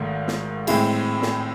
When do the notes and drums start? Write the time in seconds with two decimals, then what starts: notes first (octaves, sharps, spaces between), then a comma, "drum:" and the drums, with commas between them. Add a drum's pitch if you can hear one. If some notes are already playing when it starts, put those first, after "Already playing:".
Already playing: G#1 G#2 D#3 A3
0.28 drum: snare
0.67 A2 G#3 C4 E4 G#4, drum: cymbal
1.22 drum: snare